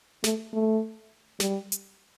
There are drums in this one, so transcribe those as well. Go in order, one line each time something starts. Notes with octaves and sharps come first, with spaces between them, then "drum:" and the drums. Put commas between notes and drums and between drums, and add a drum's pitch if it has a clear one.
A3, drum: snare
A3
G3, drum: snare
drum: hi-hat